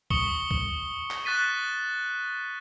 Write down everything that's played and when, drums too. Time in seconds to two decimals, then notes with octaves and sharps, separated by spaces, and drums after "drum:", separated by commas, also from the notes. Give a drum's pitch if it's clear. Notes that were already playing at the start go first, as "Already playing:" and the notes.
0.10 C#6 D#6 C#7 G7, drum: kick
0.51 drum: kick
1.11 drum: clap
1.25 C#6 F#6 A6 B6 D#7